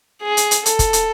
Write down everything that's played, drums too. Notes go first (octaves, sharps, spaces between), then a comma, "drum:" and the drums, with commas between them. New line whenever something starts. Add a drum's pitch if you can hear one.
G#4
drum: hi-hat
drum: hi-hat
A4, drum: hi-hat
drum: kick, hi-hat
drum: hi-hat